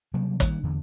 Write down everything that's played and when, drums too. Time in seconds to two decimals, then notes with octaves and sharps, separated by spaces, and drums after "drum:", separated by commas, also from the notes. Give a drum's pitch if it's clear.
0.14 C3 F#3 G3 A#3
0.40 D#3 G3 G#3 A#3, drum: kick, hi-hat
0.63 E2 D3